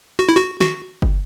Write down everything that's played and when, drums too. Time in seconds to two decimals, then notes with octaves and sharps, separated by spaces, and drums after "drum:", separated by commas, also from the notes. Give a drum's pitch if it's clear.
0.19 F#4
0.29 E4
0.37 F#4
0.60 F#4, drum: snare
1.02 drum: kick F#1